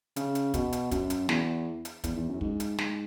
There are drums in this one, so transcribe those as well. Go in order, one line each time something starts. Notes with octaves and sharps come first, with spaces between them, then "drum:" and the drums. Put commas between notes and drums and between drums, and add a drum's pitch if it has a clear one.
C#3, drum: hi-hat
drum: hi-hat
B2, drum: kick, hi-hat
drum: hi-hat
F#2, drum: kick, hi-hat
drum: hi-hat
E2, drum: snare
drum: hi-hat
E2, drum: kick, hi-hat
E2
F#2
G#2, drum: kick
drum: hi-hat
G#2, drum: snare